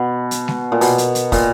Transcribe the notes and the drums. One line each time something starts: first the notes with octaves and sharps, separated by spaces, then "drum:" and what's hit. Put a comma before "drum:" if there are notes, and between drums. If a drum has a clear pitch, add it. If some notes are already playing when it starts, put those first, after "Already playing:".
Already playing: B2
drum: hi-hat
drum: snare G#3
A#2
B2, drum: open hi-hat
drum: hi-hat
drum: hi-hat
A#2, drum: kick, open hi-hat